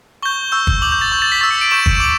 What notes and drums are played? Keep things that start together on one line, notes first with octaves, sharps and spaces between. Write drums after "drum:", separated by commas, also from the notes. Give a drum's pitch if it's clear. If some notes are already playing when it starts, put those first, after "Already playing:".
C#6 G6 G7
C#6 E6 G6
drum: kick
D6 G6 F#7
G6
A6
C#6 G6
A6
B6
C#6 E6 G6 A6
C#7
D7
C#6 G6 E7
drum: kick
D6 F#7